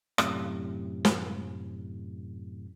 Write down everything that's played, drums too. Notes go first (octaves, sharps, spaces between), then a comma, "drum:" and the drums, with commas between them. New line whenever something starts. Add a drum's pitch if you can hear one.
F#2 A2 C3, drum: rim click
drum: snare